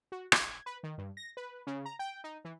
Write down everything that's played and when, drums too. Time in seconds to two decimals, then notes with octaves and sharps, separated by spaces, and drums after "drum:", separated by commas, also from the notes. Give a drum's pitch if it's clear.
0.12 F#4
0.32 G#6, drum: rim click
0.66 B4
0.83 D#3
0.98 G2
1.17 A#6
1.37 B4
1.67 C#3
1.85 A#5
1.99 G5
2.24 D#4
2.45 E3